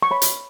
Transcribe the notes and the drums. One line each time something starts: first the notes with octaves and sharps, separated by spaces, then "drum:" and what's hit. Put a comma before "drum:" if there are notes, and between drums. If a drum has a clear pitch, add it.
C#6
C#5 B5
drum: hi-hat